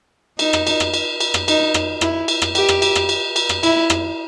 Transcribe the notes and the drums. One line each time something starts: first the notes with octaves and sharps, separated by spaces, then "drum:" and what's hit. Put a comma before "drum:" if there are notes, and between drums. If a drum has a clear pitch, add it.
D#4, drum: cymbal
drum: rim click
drum: cymbal
drum: rim click
drum: cymbal
drum: cymbal
drum: rim click
D#4, drum: cymbal
drum: rim click
E4, drum: rim click
drum: cymbal
drum: rim click
G4, drum: cymbal
drum: rim click
drum: cymbal
drum: rim click
drum: cymbal
drum: cymbal
drum: rim click
E4, drum: cymbal
drum: rim click